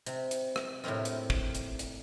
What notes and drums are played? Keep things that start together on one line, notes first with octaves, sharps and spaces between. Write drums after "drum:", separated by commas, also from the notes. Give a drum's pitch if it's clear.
C3, drum: hi-hat
drum: hi-hat
drum: rim click
A2 C3 A#3 C4 F4
drum: hi-hat
drum: kick
drum: hi-hat
drum: hi-hat